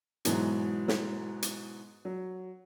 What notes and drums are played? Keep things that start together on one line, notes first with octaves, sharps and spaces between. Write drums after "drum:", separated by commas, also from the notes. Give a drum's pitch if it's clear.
G#2 B2 E3 F#3, drum: hi-hat
drum: snare
drum: hi-hat
F#3